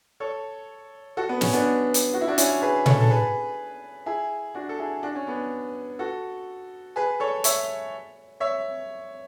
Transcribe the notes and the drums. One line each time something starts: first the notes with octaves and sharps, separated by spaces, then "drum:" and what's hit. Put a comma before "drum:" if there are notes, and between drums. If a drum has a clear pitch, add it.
A4 C#5
F#4 A4
B3
C#4, drum: snare
B3 D4
drum: hi-hat
F#4
E4
D4 F#4
C#4 E4, drum: hi-hat
G#4 B4
A4 C#5, drum: tom A#2
A4
G#4 B4
E4 G#4
D4 F#4
A4
E4 G#4
D4 F#4
C#4
B3 D4
F#4 A4
G#4 B4
A4 C#5
C#5 E5, drum: hi-hat
C#5 E5